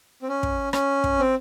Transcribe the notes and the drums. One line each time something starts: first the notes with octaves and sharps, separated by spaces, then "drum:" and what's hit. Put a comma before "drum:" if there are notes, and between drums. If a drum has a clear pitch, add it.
C4
C#4
drum: kick
C#4, drum: rim click
drum: kick
C4